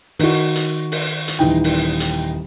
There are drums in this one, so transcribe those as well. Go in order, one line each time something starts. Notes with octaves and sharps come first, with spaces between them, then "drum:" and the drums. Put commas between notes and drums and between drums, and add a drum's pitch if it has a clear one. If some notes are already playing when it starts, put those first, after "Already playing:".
D#3 F#4, drum: open hi-hat
drum: hi-hat
drum: open hi-hat
drum: hi-hat
D#1 E3 D#4 G5
drum: open hi-hat
drum: hi-hat